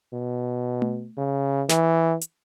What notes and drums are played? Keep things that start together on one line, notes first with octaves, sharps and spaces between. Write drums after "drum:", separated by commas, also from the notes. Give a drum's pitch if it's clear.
B2
drum: tom A3
C#3
E3, drum: snare
drum: hi-hat